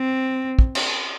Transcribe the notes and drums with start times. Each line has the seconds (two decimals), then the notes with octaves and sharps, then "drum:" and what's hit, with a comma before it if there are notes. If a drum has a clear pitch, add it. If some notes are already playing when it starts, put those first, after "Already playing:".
Already playing: C4
0.59 drum: kick
0.75 drum: cymbal